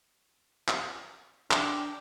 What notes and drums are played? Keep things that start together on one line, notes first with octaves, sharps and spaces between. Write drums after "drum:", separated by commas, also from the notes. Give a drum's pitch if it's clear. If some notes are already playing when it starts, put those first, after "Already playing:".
drum: clap
D4 G5 D6, drum: clap